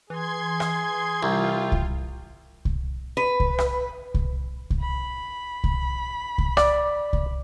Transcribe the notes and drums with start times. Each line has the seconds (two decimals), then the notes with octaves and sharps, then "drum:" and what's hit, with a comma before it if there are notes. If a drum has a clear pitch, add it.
0.10 E3 G#4 C6 G#6
0.60 drum: rim click
1.23 C2 F4 G5
1.72 drum: kick C2
2.65 drum: kick C2
3.17 B4
3.40 drum: kick C2
3.58 drum: rim click
4.14 drum: kick C2
4.70 drum: kick C2
4.80 B5
5.64 drum: kick C2
6.38 drum: kick C2
6.57 D5, drum: rim click
7.13 drum: kick C2